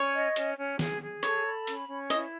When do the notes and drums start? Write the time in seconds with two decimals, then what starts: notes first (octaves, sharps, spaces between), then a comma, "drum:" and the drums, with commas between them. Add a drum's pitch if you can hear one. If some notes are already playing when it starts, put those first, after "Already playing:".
Already playing: C#4 C#5
0.14 D#5
0.36 C#4, drum: hi-hat
0.57 C#4
0.79 G#4, drum: snare
1.02 G#4
1.23 A4 C#5, drum: hi-hat
1.46 B5
1.67 C#4, drum: hi-hat
1.88 C#4
2.10 E4 D#5, drum: hi-hat